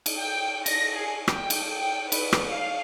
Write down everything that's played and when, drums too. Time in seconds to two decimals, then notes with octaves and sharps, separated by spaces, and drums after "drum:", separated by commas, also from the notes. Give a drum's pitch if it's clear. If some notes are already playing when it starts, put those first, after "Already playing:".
0.06 drum: cymbal
0.19 G5
0.66 A#6, drum: cymbal
0.96 G#4
1.28 G5, drum: rim click
1.50 drum: cymbal
1.77 G5
2.12 B4, drum: cymbal
2.33 drum: rim click
2.48 F5